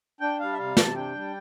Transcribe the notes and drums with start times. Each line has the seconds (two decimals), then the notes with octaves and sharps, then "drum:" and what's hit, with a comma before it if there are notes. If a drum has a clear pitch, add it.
0.20 D4 G5
0.40 G3 F5
0.53 E5
0.58 C3 F5
0.77 C3 A5, drum: snare
0.96 D4 G5
1.15 G3